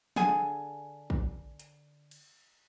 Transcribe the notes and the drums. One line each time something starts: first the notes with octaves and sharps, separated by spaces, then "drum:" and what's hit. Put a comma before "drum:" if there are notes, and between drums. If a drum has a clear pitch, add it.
D3 G#4 G#5, drum: snare
drum: kick
drum: hi-hat
drum: cymbal